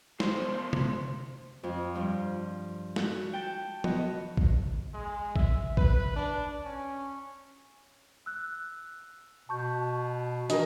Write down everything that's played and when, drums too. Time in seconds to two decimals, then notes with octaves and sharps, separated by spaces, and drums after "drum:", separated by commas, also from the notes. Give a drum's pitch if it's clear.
0.20 E2 C5, drum: snare
0.73 drum: tom
1.63 F2
1.95 G2 F3
2.96 F#4, drum: snare
3.33 G5 A5
3.84 B3 F#4 D#5, drum: tom F3
4.37 drum: kick
4.94 G#3
5.36 E5, drum: kick
5.77 B4, drum: kick
6.16 D4
6.64 C#4
8.26 E6 F#6
9.49 B2 A5 C#6 G6
10.50 E3 D4 F#4 A#4 D#5, drum: hi-hat